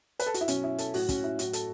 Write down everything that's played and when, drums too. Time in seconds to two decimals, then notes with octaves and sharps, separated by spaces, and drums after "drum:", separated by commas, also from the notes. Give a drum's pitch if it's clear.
0.19 B4, drum: hi-hat
0.26 A4
0.34 F#4, drum: hi-hat
0.41 E4
0.48 B2 F#3 C#4, drum: hi-hat
0.64 E4
0.78 A4, drum: hi-hat
0.94 A2 F#3 F#4, drum: open hi-hat
1.09 C#4, drum: kick, hi-hat
1.24 E4
1.39 A2 F#3 F#4, drum: hi-hat
1.53 A4, drum: hi-hat